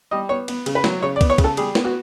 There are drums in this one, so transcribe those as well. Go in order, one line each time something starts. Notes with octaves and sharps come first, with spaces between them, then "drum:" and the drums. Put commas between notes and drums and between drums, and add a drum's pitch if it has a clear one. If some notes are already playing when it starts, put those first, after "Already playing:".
G3 D#5
B3 C#5
B3, drum: cymbal
C#3, drum: cymbal
B4
F#3, drum: snare
C#3 C#5
D5
B3, drum: kick, cymbal
C#5
C#3, drum: kick, cymbal
A4
G3 G#4, drum: cymbal
B3, drum: snare
F#4